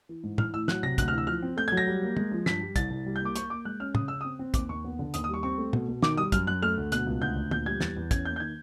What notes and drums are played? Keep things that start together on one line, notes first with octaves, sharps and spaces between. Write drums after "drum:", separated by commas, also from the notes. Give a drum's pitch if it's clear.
E3
G#2
E3 F6, drum: tom
A2 E6
F#3 F#6, drum: snare
C3 A#6
D2 F#6, drum: kick, hi-hat
F6
E3 E6
F3 F6
C4
A3 G6
G#6
F#3
A#6
G3
A#3
G#3, drum: tom
F3
G2 B6, drum: snare
G3
C2 A6, drum: kick, hi-hat
C2
G3
G6
A#3 D6
A#3 C#6, drum: hi-hat
A#3 D6
G#3 F#6
C#4 F6
C#3 D#6, drum: tom
C#3 E6
C4 D#6
C4
D#2 D6, drum: kick, hi-hat
D#2 C#6
B3
D3
D#2 D#6, drum: hi-hat
D#6
G3 C#6
C4 C#6
A3
B2, drum: tom
B2
D#3 D6, drum: snare
G3 D#6
F#2 F6, drum: kick, hi-hat
F#2 F#6
A3 F6
D2
B2 F#6, drum: hi-hat
C#2
D2 G6
D2
A#2 G6, drum: tom
G3 G#6
E2 A6, drum: snare
E2
C#4 G#6, drum: kick, hi-hat
A#3 G6
G6
D#3 G#6